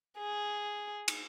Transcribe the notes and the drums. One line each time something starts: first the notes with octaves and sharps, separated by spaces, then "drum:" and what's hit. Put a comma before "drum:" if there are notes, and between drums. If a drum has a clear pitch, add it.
G#4
drum: cymbal